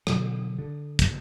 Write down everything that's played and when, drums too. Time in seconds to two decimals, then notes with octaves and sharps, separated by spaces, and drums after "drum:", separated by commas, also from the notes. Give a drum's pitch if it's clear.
0.07 B2 D3 F#3, drum: rim click
0.59 D3
0.99 drum: kick, hi-hat